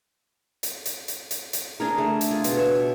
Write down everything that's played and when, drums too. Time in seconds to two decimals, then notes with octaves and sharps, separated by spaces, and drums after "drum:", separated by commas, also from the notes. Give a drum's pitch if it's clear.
0.63 drum: hi-hat
0.86 drum: hi-hat
1.08 drum: hi-hat
1.31 drum: hi-hat
1.53 drum: hi-hat
1.80 D4 G#4 A#4
1.98 A3
2.21 drum: hi-hat
2.31 F4 G#4
2.44 B2, drum: hi-hat
2.57 C#5 E5